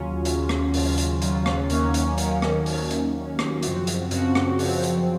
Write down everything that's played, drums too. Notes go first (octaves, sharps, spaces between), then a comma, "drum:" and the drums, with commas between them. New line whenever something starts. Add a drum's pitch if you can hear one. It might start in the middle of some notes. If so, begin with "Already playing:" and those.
Already playing: D#2 C#3 F#3 C#4 F4
D#2 C#3 F#3 C#4 F4, drum: hi-hat
drum: rim click
D#2 C#3 F#3 C#4 F4, drum: open hi-hat
drum: hi-hat
D#2 C#3 F#3 C#4 F4, drum: hi-hat
drum: rim click
D#2 D#3 F#3 A#3 C#4, drum: hi-hat
drum: hi-hat
D#2 D#3 F#3 A#3 C#4, drum: hi-hat
drum: rim click
D#2 D#3 F#3 A#3 C#4, drum: open hi-hat
drum: hi-hat
D#2 D#3 F#3 A#3 C#4
drum: rim click
F#2 C#3 F3 C4 F#4, drum: hi-hat
drum: hi-hat
F#2 C#3 F3 C4 F#4, drum: hi-hat
drum: rim click
F#2 C#3 F3 C4 F#4, drum: open hi-hat
drum: hi-hat